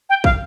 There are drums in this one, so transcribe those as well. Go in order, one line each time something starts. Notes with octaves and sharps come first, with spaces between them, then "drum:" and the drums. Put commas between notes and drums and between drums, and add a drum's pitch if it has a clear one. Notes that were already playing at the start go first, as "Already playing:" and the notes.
G5
F5, drum: kick